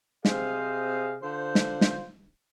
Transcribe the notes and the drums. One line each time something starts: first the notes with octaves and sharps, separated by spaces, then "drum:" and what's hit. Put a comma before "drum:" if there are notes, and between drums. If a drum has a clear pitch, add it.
C3 G#4 C5 D#5 F5, drum: snare
D3 F4 C5
drum: snare
drum: snare